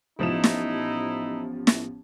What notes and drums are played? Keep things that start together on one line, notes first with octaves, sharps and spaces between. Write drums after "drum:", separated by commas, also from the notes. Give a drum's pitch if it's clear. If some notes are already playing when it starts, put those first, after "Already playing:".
A1 F3 B3 C#4 D#4 E4 G4 E7
drum: snare
drum: snare